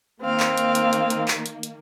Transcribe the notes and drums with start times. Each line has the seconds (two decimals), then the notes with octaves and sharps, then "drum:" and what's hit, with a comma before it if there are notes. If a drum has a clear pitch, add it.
0.22 D#3 A#3 C4 F5
0.40 drum: clap
0.57 drum: hi-hat
0.75 drum: hi-hat
0.93 drum: hi-hat
1.10 drum: hi-hat
1.28 drum: clap
1.46 drum: hi-hat
1.63 drum: hi-hat